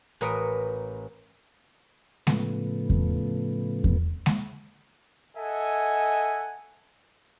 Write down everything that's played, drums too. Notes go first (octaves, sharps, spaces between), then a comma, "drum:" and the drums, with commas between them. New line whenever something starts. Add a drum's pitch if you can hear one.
A1 A#4 B4 D#6 C#7 D7, drum: hi-hat
A2 C#3 F3 A3 B3, drum: snare G#3
drum: kick E2
drum: kick E2
drum: snare G#3
A4 D#5 E5 F#5 G#5